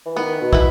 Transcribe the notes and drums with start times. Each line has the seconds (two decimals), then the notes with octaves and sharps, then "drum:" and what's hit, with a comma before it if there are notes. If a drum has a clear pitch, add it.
0.06 E3
0.16 D#3 B3
0.41 B2
0.53 E4 B4, drum: kick